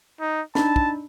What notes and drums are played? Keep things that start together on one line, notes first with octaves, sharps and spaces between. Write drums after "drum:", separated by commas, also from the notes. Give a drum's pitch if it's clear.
D#4
D4 D#4 A5 B5, drum: snare
drum: kick